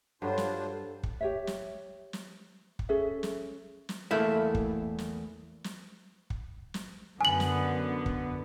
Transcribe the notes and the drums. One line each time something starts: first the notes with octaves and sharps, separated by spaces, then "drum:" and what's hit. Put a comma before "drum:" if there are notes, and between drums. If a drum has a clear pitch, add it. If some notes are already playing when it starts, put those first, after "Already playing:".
G2 F#3 D4 F4 A4 C5 C#5
drum: snare
drum: kick
G4 C#5 E5
drum: snare
drum: snare
drum: kick
C#4 G#4 A4 E5
drum: snare
drum: snare
E2 A3 A#3 E4 E5
drum: kick
drum: snare
drum: snare
drum: kick
drum: snare
F#2 D3 B3 G#5 F#7
drum: snare
drum: kick